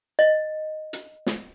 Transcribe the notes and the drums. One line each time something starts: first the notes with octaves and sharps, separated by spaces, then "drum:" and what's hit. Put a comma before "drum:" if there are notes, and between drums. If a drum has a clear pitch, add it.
D#5
drum: hi-hat
drum: snare